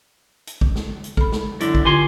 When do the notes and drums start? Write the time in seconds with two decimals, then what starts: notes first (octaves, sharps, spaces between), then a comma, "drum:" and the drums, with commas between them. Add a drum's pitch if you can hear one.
0.47 drum: hi-hat
0.61 drum: kick
0.76 drum: snare
1.04 drum: hi-hat
1.17 A4 B5, drum: kick
1.32 drum: snare
1.61 F#2 D3 E4, drum: hi-hat
1.75 drum: kick
1.85 D3 F4 G4 G#5 C6